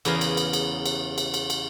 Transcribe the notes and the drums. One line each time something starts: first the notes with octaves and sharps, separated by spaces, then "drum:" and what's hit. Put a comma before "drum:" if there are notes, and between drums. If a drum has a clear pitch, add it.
E2 C#3 B3 A#4 F5, drum: cymbal
drum: cymbal
drum: cymbal
drum: cymbal
drum: cymbal
drum: cymbal
drum: cymbal
drum: cymbal